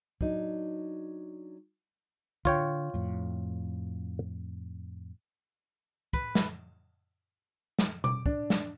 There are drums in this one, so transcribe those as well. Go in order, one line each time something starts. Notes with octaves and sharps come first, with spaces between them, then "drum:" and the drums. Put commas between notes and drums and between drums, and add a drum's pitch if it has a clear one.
F#3 D4 D#4, drum: kick
D3 F4 C#5 G5, drum: kick
F2 A2
B4, drum: kick
drum: snare
drum: snare
D6, drum: tom B2
D4, drum: kick
drum: snare